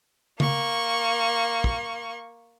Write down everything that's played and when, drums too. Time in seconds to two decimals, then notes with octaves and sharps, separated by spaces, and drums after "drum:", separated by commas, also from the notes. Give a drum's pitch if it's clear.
0.40 A#3 C#6, drum: tom C#3
1.64 drum: kick